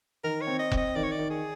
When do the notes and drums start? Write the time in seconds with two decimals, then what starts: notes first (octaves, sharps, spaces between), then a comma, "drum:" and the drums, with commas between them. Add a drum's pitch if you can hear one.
0.24 D#3 A#4
0.41 C#5
0.47 C4
0.59 D#5
0.72 C4, drum: kick F1
0.77 D#5
0.95 D#3 D5
1.03 C#5
1.11 D5
1.19 D#3
1.30 G#4